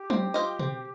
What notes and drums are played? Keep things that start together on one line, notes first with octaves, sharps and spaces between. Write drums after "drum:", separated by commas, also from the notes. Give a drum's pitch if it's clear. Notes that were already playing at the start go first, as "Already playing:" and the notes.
Already playing: G4
C4, drum: tom F#3
F4 C5 D#5
C4, drum: tom B2